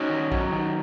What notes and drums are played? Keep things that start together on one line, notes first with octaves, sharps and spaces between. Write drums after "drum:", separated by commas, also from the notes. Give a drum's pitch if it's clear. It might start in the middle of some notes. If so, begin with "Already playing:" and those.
Already playing: C#4 D#4 F#4
D#3
F#3, drum: kick
D#3